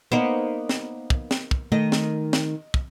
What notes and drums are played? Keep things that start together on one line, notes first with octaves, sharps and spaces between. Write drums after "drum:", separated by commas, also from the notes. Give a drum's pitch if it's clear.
A#3 B3 D#4 C5
drum: snare
drum: kick
drum: snare
drum: kick
D#3 A3 D#5
drum: snare
drum: snare
drum: kick